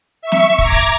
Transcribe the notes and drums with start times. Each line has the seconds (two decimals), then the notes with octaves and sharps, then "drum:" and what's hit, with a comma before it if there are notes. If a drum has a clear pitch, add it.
0.22 E5 C#6
0.32 drum: snare
0.59 A#5 D6 G#6, drum: kick
0.72 drum: kick